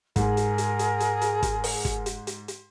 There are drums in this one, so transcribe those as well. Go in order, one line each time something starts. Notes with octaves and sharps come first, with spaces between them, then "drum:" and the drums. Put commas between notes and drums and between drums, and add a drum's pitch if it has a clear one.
G#2 G#4 A#4, drum: kick, hi-hat
drum: hi-hat
drum: hi-hat
drum: hi-hat
drum: hi-hat
drum: hi-hat
drum: kick, hi-hat
drum: open hi-hat
drum: kick, hi-hat
drum: hi-hat
drum: hi-hat
drum: hi-hat